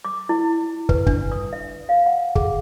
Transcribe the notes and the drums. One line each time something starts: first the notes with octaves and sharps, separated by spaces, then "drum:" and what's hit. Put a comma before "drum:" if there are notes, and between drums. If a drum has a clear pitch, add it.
D6
E4
B4, drum: kick
D4, drum: kick
D#6
E5
F5
F#5
G#4, drum: kick